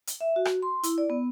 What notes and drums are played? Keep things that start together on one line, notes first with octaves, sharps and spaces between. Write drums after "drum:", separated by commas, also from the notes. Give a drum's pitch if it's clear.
drum: hi-hat
E5
F#4
drum: rim click
C6
E4, drum: hi-hat
D5
B3